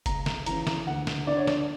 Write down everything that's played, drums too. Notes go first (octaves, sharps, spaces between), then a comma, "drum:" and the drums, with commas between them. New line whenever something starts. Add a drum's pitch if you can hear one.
C#2 A#5, drum: kick F#1, hi-hat
drum: snare
C#3 E3 A#5, drum: hi-hat
drum: snare
D2 F#5
drum: snare
D3 D5
C#5
D5, drum: snare